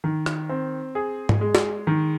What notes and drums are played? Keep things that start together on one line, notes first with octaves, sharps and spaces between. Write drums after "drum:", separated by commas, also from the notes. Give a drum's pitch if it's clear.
D#3
drum: rim click
C4
G#4
drum: tom G#2
G#3
drum: snare
D#3